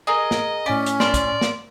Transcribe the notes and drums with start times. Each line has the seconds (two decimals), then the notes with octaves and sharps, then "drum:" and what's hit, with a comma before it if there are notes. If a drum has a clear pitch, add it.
0.07 G#4 A#4 D#5
0.31 drum: snare
0.66 A2 C#4 D5 G#5 B6
0.86 drum: hi-hat
1.00 D5 A5 C6 F6, drum: snare
1.14 drum: kick, hi-hat
1.41 drum: snare